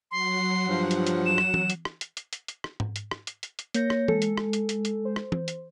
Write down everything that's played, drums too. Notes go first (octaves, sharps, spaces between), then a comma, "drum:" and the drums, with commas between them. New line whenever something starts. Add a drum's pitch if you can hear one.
F#3 F#5 C6
G2 F3
drum: hi-hat
drum: hi-hat
E7
drum: rim click
drum: tom E3
drum: hi-hat
drum: rim click
drum: hi-hat
drum: hi-hat
drum: hi-hat
drum: hi-hat
drum: rim click
drum: tom G#2
drum: hi-hat
drum: rim click
drum: hi-hat
drum: hi-hat
drum: hi-hat
A#3 C#5 G6 A#6, drum: hi-hat
drum: rim click
G#3 A4, drum: tom E3
drum: hi-hat
drum: rim click
drum: hi-hat
drum: hi-hat
drum: hi-hat
C5
drum: rim click
drum: tom E3
drum: hi-hat